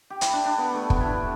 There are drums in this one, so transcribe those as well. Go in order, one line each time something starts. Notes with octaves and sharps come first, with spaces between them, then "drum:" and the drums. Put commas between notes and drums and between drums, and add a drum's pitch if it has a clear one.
G4
E4, drum: hi-hat
D4
D4
B3
A3
B3, drum: kick
E4
D4